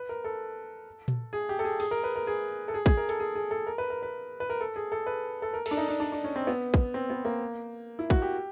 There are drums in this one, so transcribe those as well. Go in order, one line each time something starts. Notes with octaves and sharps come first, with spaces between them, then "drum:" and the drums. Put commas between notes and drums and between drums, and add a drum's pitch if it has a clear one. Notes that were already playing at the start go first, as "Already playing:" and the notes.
Already playing: B4
A#4
A4
drum: tom A#2
G#4
G4
A4
G#4
G#4, drum: cymbal
A#4
B4
A#4
G#4
A4
G#4
G#4, drum: kick
A#4
A4, drum: hi-hat
G#4
G#4
A4
A#4
B4
A#4
B4
B4
A#4
A4
G#4
A4
B4
A4
A#4
A4, drum: cymbal
D4
D#4
D4
D4
D4
C#4
C4
B3
drum: kick
C4
B3
A#3
E4
F#4, drum: kick
G4